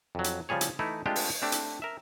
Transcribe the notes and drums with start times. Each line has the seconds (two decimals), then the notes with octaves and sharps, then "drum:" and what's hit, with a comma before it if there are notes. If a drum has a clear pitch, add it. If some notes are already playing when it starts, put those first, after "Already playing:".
0.15 F2 F#3
0.24 drum: hi-hat
0.49 C#3 F3 G3 G#4 C#5
0.61 drum: hi-hat
0.79 E3 A3 D#4 E4
1.06 G#3 A3 C4 D4 F4 G4
1.16 drum: open hi-hat
1.42 A3 C4 D4 G4
1.52 drum: hi-hat
1.82 A#4 E5